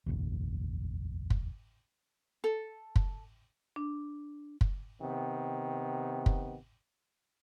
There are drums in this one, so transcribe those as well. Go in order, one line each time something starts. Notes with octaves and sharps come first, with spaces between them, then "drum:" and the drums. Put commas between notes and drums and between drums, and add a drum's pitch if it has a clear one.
F1 A#1 D#2
drum: kick
A4
drum: kick
D4
drum: kick
C3 D#3 B3
drum: kick